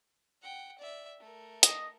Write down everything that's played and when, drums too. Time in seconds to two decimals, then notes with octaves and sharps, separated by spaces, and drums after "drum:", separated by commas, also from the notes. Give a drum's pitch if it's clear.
0.42 F#5 G5
0.78 D5 E5
1.20 A3 A#4
1.63 D#5, drum: hi-hat